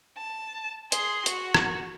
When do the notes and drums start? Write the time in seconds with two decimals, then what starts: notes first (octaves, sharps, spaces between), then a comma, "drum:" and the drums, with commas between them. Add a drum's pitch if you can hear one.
0.17 A5
0.92 G#4 C6, drum: hi-hat
1.26 F#4, drum: hi-hat
1.54 drum: rim click